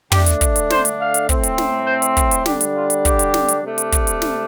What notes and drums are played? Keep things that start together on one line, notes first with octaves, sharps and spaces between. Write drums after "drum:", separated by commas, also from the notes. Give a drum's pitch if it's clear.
D3 A3 D4 G4, drum: tom
drum: hi-hat
drum: kick, hi-hat
drum: hi-hat
C5, drum: snare
drum: hi-hat
F5
drum: hi-hat
A2 A3 C4, drum: kick, hi-hat
drum: hi-hat
drum: snare
C5
drum: hi-hat
drum: kick, hi-hat
drum: hi-hat
D3 G3 D4 G4, drum: snare
drum: hi-hat
F4
drum: hi-hat
G4, drum: kick, hi-hat
drum: hi-hat
drum: snare
drum: hi-hat
C3 A3 D4
drum: hi-hat
drum: kick, hi-hat
drum: hi-hat
drum: snare